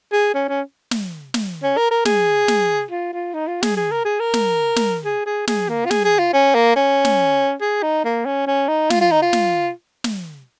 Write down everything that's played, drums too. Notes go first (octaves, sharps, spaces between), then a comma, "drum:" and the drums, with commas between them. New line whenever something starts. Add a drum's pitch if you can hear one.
G#4
C#4
C#4
drum: snare
drum: snare
C#4
A#4
A#4
G#4, drum: snare
drum: snare
F4
F4
D#4
F4
G#4, drum: snare
G#4
A#4
G#4
A#4
drum: snare
drum: snare
G#4
G#4
G#4, drum: snare
A#3
F4
G#4, drum: snare
G#4
F4
C#4
A#3
C#4
drum: snare
G#4
D#4
A#3
C#4
C#4
D#4
F4, drum: snare
F4
D#4
F4
drum: snare
drum: snare